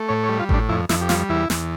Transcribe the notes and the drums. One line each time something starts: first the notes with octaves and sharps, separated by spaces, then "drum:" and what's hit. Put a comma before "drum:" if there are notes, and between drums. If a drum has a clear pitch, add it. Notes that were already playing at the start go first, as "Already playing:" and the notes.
Already playing: A3
A2 C#5
C#5
G3
F4
A2 D4, drum: kick G#1
F2 E4
F2 E4, drum: snare
G4
G3 F4, drum: snare
E2 E4
E2, drum: snare